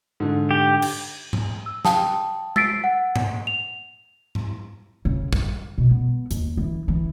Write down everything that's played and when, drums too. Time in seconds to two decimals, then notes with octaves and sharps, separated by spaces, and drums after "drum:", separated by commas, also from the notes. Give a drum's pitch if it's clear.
0.20 G#2 D3
0.51 G4
0.82 drum: cymbal
1.33 drum: tom G#2
1.66 E6
1.85 F5 G5 A5 D#6, drum: snare
2.56 E6 A6 B6 C7 D7, drum: tom G#3
2.84 F#5
3.16 drum: tom G#2
3.47 F7
4.35 drum: tom G#2
5.05 C#3
5.33 G3, drum: kick
5.78 B2
5.91 B3
6.31 D#2, drum: hi-hat
6.57 E3
6.88 E3